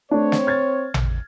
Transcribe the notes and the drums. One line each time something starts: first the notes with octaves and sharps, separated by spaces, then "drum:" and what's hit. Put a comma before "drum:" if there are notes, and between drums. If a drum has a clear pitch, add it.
A3 C4 D4 C#5
drum: snare
F6 G#6 A6
drum: tom A1